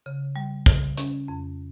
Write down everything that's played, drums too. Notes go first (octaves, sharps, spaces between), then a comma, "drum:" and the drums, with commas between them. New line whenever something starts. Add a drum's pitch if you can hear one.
C#3
G3
C#3, drum: kick
C#4, drum: hi-hat
F2